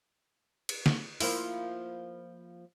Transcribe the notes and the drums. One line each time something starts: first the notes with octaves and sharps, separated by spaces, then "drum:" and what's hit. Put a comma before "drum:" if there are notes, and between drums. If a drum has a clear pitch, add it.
drum: cymbal
drum: snare
F3 A#3 E4, drum: open hi-hat